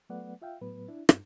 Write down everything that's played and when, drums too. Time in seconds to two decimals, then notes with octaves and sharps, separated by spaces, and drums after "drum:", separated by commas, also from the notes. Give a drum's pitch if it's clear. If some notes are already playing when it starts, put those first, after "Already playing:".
0.10 F#3 A3 B3 B4 D5 F#5
0.42 F4 E5 F5 G5
0.61 A2 F#3 B3 B4
0.88 D4 E4
1.09 G2, drum: rim click